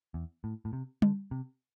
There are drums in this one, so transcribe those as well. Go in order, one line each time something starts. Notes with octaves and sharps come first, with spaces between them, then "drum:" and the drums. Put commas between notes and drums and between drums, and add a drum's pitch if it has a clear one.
E2
A2
A2
C3
D3, drum: tom G3
C3